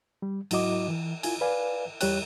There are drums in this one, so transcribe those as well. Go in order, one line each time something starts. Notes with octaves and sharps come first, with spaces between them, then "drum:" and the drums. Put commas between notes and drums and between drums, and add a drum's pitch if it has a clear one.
G3
G#2 F#3 E4 F#4 D#5 D6, drum: cymbal
E3
E4 F4 G#5, drum: cymbal
B4 D5 F5 G#5
E2 G3 G4 C#5 G5 F#6, drum: cymbal